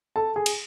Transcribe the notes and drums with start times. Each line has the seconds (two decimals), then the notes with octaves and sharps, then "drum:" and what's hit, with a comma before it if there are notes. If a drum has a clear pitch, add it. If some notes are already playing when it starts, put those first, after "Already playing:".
0.16 A4 A5
0.36 G#4 G#5
0.46 drum: cymbal